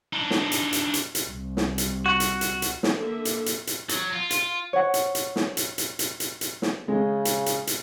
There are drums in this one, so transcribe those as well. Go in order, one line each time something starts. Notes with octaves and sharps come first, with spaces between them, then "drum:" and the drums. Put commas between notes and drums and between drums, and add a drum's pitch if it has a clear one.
D4 D#4
drum: snare
drum: hi-hat
drum: hi-hat
drum: hi-hat
drum: hi-hat
C2
drum: snare
drum: hi-hat
F#4
drum: hi-hat
drum: hi-hat
drum: hi-hat
drum: snare
D3 A#3 A4 E5
drum: hi-hat
drum: hi-hat
drum: hi-hat
F#3, drum: hi-hat
F4
F4, drum: hi-hat
C#5 F#5
drum: hi-hat
drum: hi-hat
drum: snare
drum: hi-hat
drum: hi-hat
drum: hi-hat
drum: hi-hat
drum: hi-hat
drum: snare
C#3 G#3
drum: hi-hat
drum: hi-hat
drum: hi-hat